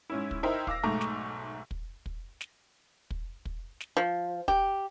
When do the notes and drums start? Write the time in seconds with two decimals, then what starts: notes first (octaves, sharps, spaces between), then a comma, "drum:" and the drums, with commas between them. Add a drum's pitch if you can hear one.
0.10 G#2 C#4 E4
0.31 drum: kick
0.43 D#4 E4 A#4 C5 E5 G5
0.67 F5 D6 E6 A#6, drum: kick
0.83 B1 G#2 A3 A#5 C#6 D6
1.01 drum: snare
1.71 drum: kick
2.06 drum: kick
2.41 drum: snare
3.11 drum: kick
3.45 drum: kick
3.80 drum: snare
3.97 F3
4.48 G4, drum: kick